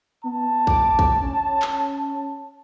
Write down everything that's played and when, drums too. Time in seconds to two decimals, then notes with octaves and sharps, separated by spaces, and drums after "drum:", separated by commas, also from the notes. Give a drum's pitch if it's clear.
0.24 B3 A5
0.67 D6, drum: kick
0.99 drum: kick
1.21 C#4
1.62 drum: clap